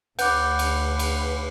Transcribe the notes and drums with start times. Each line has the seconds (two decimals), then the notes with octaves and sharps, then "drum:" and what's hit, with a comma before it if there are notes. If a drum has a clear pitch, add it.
0.19 D2 B4 F#5 D6 F#6 G6, drum: cymbal
0.59 drum: cymbal
0.99 drum: cymbal